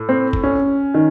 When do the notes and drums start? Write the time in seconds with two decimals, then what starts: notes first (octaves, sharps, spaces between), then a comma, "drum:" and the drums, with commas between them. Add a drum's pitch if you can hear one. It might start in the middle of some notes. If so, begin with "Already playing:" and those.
Already playing: A2
0.09 C4
0.33 drum: kick
0.44 C#4
0.94 D#3